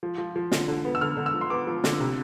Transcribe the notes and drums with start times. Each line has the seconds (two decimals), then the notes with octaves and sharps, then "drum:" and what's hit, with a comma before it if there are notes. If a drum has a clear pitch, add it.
0.03 F3
0.18 F3
0.36 F3
0.52 D3, drum: snare
0.68 D3
0.85 B3
0.95 E6
1.01 D3 F6
1.17 D3
1.26 E6
1.34 F3
1.41 C6
1.50 B3 D6
1.67 F3
1.84 D3, drum: snare
2.00 C3